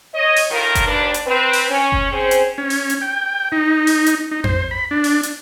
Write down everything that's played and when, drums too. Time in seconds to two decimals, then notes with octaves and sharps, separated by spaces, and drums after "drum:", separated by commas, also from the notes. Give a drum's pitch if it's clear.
0.14 C#5 D#5
0.36 drum: open hi-hat
0.50 A2 D#3 F4 A#4
0.75 drum: kick F#1, hi-hat
0.87 D#2 D4 B4
1.14 drum: hi-hat
1.26 C4 B4
1.53 drum: open hi-hat
1.69 C#4
1.92 drum: kick F#1
2.12 C4 C#4 G#4 C5
2.31 drum: hi-hat
2.58 C#4
2.70 drum: open hi-hat
2.90 drum: hi-hat
3.01 G5
3.52 D#4
3.87 drum: open hi-hat
4.06 drum: hi-hat
4.31 D#4
4.44 C5, drum: tom F2
4.71 B5
4.91 D4
5.04 drum: open hi-hat
5.23 drum: hi-hat